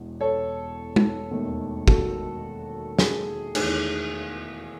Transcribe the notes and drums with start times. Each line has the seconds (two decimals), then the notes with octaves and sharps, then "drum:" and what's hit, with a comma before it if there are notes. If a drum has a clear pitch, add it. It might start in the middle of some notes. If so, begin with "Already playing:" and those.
Already playing: E1 E2
0.20 A4 C#5
0.96 drum: tom
1.31 E1 D#2 D#3 A3
1.88 F#4 A4, drum: kick
2.99 G#4, drum: snare
3.55 E2 D#3 A3 G#4, drum: cymbal